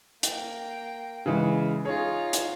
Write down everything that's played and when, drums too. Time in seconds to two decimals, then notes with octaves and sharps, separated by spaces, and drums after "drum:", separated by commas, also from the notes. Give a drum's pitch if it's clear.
0.23 A#3 G5, drum: hi-hat
1.26 C#3 E3 G#3
1.85 D#4 F4 G#4 C#5
2.33 drum: hi-hat